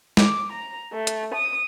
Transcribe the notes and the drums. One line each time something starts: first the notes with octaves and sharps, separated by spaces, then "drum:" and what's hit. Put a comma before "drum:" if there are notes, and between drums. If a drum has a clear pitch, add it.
D6, drum: snare
A#5
A3
drum: hi-hat
D#6